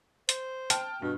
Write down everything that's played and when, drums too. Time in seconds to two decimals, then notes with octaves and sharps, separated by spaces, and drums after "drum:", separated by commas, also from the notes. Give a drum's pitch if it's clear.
0.29 C5, drum: hi-hat
0.70 G5 A5 F6, drum: hi-hat
1.02 G2 B2